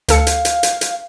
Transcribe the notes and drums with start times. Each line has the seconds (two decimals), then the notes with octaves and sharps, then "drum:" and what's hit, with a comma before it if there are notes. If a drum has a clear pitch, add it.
0.08 D2 A4 F5 C#7, drum: hi-hat
0.27 drum: hi-hat
0.45 drum: hi-hat
0.63 drum: hi-hat
0.81 drum: hi-hat